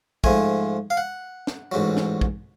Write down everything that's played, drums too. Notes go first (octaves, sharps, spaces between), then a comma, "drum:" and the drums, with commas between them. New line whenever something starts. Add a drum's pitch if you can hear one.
G#2 F3 A3 G#5, drum: kick
F5
F#5
drum: snare
A1 G#2 F#3
drum: snare
drum: kick